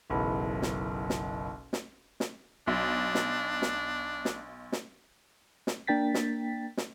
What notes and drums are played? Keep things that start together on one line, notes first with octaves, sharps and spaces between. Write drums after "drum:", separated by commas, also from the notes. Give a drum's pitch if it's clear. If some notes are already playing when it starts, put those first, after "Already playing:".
F#1 B1 E3 B5
drum: snare
drum: snare
drum: snare
drum: snare
B1 D4
drum: snare
drum: snare
drum: snare
drum: snare
drum: snare
A#3 D4 A#4 G5 A6 B6
drum: snare
drum: snare